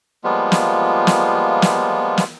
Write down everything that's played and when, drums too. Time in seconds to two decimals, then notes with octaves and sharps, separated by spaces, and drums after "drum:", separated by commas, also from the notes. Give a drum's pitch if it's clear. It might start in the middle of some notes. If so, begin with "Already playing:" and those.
0.24 F3 G3 G#3 A#3 B3 F4
0.52 drum: snare
1.07 drum: snare
1.62 drum: snare
2.18 drum: snare